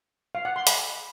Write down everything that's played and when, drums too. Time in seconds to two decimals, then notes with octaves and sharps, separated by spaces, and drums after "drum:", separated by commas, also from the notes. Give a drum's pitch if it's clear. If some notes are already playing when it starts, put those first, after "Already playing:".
0.35 F5
0.45 F#5
0.56 C6
0.67 B5, drum: hi-hat